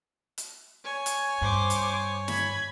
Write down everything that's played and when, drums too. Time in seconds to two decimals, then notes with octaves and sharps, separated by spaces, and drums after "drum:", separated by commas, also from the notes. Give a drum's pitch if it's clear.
0.38 drum: hi-hat
0.84 C#5 G#5
1.06 drum: hi-hat
1.41 G2 C5 D6
1.70 drum: hi-hat
2.28 B5 G#6, drum: snare